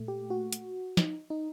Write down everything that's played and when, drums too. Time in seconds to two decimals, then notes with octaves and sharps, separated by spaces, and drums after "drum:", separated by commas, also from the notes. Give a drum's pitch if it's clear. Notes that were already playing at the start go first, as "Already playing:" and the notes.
Already playing: A#2 A3
0.08 G4
0.30 F#4
0.53 drum: hi-hat
0.97 D#4, drum: snare
1.30 D#4